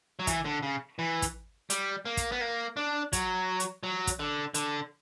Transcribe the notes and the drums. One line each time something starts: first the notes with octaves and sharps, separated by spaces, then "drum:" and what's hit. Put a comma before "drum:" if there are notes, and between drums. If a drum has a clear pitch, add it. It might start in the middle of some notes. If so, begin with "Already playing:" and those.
F#3
E3, drum: kick, hi-hat
D3
C#3
E3
drum: kick, hi-hat
G3, drum: hi-hat
A#3
drum: kick, hi-hat
B3
A#3
D4
F#3, drum: kick, hi-hat
drum: hi-hat
F#3
drum: kick, hi-hat
D3
D3, drum: hi-hat